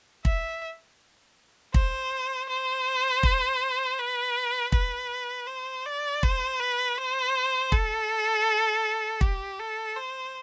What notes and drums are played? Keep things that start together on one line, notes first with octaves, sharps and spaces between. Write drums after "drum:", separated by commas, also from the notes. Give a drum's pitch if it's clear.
E5, drum: kick
C5, drum: kick
C5
drum: kick
B4
B4, drum: kick
C5
D5
C5, drum: kick
B4
C5
A4, drum: kick
G4, drum: kick
A4
C5